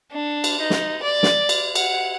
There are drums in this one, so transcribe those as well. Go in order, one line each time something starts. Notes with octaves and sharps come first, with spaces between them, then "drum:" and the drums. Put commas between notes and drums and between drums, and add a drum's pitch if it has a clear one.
D4
drum: cymbal
D#4
drum: snare
D5
drum: snare
drum: cymbal
F#5, drum: cymbal